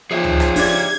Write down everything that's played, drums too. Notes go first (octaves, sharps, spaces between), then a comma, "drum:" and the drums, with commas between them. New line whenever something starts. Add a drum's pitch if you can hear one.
F3 G#4 C#5 E5
drum: tom C#2
drum: rim click
D4 G4 D5 G#6, drum: kick, open hi-hat